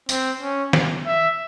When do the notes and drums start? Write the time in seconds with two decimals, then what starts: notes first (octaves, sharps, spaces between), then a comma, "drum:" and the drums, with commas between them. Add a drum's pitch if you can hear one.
0.09 C4, drum: tambourine
0.41 C#4
0.73 drum: snare
1.06 E5